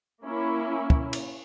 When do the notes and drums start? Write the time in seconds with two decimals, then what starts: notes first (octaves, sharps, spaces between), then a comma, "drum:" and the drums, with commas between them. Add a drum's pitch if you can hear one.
0.25 A#3 C#4 E4
0.90 drum: kick
1.13 drum: cymbal